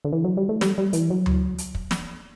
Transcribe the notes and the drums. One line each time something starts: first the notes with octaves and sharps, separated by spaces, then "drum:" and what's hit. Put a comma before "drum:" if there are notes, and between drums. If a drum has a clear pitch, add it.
D3
E3
F#3
G3
A3
G3, drum: snare
G3
E3, drum: hi-hat
F#3
drum: tom D2
drum: hi-hat
drum: kick
drum: snare